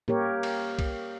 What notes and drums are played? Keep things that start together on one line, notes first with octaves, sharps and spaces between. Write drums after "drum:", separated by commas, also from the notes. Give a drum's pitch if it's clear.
A#3 G4 A#4 C#5, drum: tom A2
drum: cymbal
drum: kick, cymbal